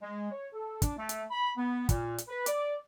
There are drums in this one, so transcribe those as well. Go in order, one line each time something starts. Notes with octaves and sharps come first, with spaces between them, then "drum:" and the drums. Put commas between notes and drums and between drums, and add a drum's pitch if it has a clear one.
G#3
C#5
A4
D4, drum: kick, hi-hat
A3
drum: hi-hat
B5
B3
A#2, drum: kick, hi-hat
drum: hi-hat
B4
D5, drum: hi-hat